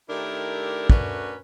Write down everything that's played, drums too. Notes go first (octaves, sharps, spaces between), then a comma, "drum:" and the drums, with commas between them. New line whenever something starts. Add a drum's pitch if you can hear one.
D#3 A3 D4 E4 G4 A#4
A3 C#4 D4 F#4 A#4 B4, drum: kick